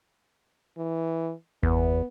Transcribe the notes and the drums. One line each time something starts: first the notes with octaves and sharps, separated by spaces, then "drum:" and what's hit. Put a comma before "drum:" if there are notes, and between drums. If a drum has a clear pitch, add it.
E3
E2 B3, drum: kick G1